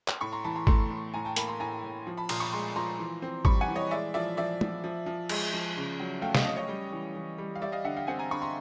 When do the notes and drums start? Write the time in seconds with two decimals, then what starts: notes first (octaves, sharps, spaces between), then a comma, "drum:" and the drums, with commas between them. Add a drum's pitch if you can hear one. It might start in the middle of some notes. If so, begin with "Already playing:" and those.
0.08 drum: clap
0.21 A2 B5 C#6
0.32 A#5 C6
0.44 E3 A5 B5
0.55 A#5 C6
0.67 A3 A#5 C6, drum: kick
0.90 A2
1.14 A2 G#5 A#5
1.25 G5 A5
1.36 A#3 A5 B5, drum: hi-hat
1.48 A#5 C6
1.60 A2 G#5 A#5
1.84 A2
2.07 F3
2.17 A5 B5
2.29 A#2 A#5 C6, drum: cymbal
2.40 B5 C#6
2.53 G#3 A#5 C6
2.76 F3 A#5 C6
2.99 E3
3.22 C4
3.45 G3 B5 C#6, drum: kick
3.61 F#5 G#5
3.68 E3
3.75 C#5 D#5
3.91 G#3 D5 E5
4.14 F3 D5 E5
4.37 F3 D5 E5
4.61 F3, drum: tom
4.84 F3
5.06 F3
5.29 G#3, drum: cymbal
5.53 F3
5.77 C#3
6.00 F#3
6.22 A3 F5 G5
6.35 D#5 F5, drum: snare
6.45 C#4 D#5 F5
6.57 C#5 D#5
6.68 G3
6.92 E3
7.16 E3
7.38 G3
7.55 F5
7.61 G3 D5 E5
7.72 D#5 F5
7.84 D3 E5 F#5
7.97 F5 G5
8.07 C4 F#5 G#5
8.19 G#5 A#5
8.31 D3 B5 C#6
8.42 A#5 C6